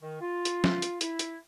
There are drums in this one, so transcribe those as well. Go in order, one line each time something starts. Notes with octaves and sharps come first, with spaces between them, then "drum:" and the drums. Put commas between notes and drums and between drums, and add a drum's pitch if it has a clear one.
D#3
F4
drum: hi-hat
drum: snare
drum: hi-hat
E4, drum: hi-hat
drum: hi-hat